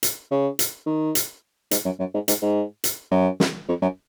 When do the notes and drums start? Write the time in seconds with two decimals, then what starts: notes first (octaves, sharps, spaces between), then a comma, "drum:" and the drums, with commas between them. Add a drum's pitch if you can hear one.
0.03 drum: hi-hat
0.31 C#3
0.59 drum: hi-hat
0.86 D#3
1.15 drum: hi-hat
1.71 G#2, drum: hi-hat
1.85 F#2
1.99 F#2
2.14 G#2
2.28 G#2, drum: hi-hat
2.42 G#2
2.84 drum: hi-hat
3.11 F#2
3.40 drum: snare
3.69 F2
3.82 F#2